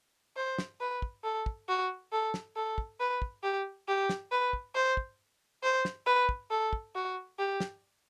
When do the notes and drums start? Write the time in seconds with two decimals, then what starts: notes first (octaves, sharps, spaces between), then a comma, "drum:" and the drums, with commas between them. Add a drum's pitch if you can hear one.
0.37 C5
0.58 drum: snare
0.80 B4
1.02 drum: kick
1.24 A4
1.46 drum: kick
1.68 F#4
2.12 A4
2.34 drum: snare
2.56 A4
2.78 drum: kick
3.00 B4
3.22 drum: kick
3.43 G4
3.88 G4
4.09 drum: snare
4.31 B4
4.53 drum: kick
4.75 C5
4.97 drum: kick
5.63 C5
5.85 drum: snare
6.06 B4
6.29 drum: kick
6.51 A4
6.73 drum: kick
6.95 F#4
7.39 G4
7.60 drum: snare